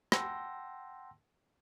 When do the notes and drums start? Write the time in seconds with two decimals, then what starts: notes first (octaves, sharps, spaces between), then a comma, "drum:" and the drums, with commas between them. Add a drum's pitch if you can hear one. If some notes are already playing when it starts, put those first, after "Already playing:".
0.12 F#5 G5 A5 C6 E6 A#6, drum: rim click